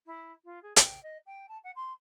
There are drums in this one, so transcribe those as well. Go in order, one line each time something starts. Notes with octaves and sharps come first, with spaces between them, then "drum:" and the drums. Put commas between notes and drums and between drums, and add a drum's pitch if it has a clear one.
E4
F4
G#4
G5, drum: hi-hat
D#5
G5
A5
F#5
C6